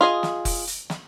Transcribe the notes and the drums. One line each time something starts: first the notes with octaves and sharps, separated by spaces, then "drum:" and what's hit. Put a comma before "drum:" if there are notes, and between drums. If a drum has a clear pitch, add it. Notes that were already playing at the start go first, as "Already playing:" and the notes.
F4 G#4 D#5
drum: snare
drum: kick F1, open hi-hat
drum: hi-hat
drum: snare